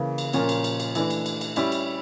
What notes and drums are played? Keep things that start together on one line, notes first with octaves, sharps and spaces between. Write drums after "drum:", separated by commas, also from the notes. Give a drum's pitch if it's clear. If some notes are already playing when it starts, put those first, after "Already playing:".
Already playing: C#3 E3 A#3
drum: cymbal
A#2 F3 C#4 F4 A#4, drum: cymbal
drum: cymbal
drum: cymbal
drum: cymbal
E3 A3 D4, drum: cymbal
drum: cymbal
drum: cymbal
drum: cymbal
G3 C#4 E4, drum: cymbal
drum: cymbal